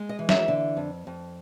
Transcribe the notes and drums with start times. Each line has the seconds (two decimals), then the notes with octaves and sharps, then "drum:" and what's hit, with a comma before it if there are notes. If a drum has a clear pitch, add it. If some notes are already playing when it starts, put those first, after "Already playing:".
Already playing: G#3
0.09 D#5
0.19 E3
0.29 E5, drum: snare
0.48 D3
0.77 F2
1.07 F2